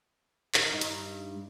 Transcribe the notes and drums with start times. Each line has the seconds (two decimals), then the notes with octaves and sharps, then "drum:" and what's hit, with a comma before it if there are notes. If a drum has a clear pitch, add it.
0.54 D#3, drum: clap
0.72 G2 D#4
0.81 drum: hi-hat